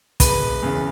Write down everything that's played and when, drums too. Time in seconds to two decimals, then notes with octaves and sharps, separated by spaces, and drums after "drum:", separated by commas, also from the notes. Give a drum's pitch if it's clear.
0.20 E1 B4, drum: kick, hi-hat
0.63 E2 C#3